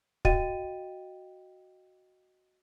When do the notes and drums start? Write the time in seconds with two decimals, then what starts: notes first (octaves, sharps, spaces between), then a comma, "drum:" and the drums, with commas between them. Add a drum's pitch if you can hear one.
0.25 F#4 D#5 F5 G5 A6 D#7, drum: kick